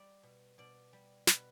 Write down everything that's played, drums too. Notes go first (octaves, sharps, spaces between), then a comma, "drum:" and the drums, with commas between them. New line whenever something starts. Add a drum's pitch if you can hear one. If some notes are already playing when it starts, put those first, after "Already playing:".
Already playing: G3 D5
B2
B2 D5
G3
B2 B4, drum: snare